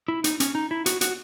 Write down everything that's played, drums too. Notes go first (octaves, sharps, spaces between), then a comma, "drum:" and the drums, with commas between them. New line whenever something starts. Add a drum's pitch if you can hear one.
E4
D#4, drum: hi-hat
C#4, drum: hi-hat
D#4
E4
F#4, drum: hi-hat
F#4, drum: hi-hat